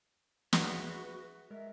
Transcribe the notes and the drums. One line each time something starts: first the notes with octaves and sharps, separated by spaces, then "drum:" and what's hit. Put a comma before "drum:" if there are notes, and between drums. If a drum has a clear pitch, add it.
F#4 G#4 B4 E5 F#5, drum: snare
G#3 A#4 E5